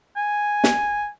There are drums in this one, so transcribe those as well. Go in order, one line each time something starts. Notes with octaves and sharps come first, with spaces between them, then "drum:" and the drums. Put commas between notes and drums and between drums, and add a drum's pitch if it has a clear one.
G#5
drum: snare